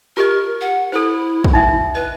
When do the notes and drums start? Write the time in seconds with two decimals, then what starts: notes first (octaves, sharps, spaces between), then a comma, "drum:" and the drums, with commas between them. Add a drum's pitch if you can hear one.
0.17 F4 G4 A#4 D#5
0.61 F#5
0.92 E4 A4 C5
1.44 drum: kick
1.53 D#4 E5 G5
1.95 B4 D#5